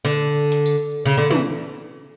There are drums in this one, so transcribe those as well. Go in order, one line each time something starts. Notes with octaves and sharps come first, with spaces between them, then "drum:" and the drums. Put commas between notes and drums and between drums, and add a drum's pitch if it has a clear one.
D3
drum: hi-hat
drum: tambourine
C#3
D3
E3, drum: tom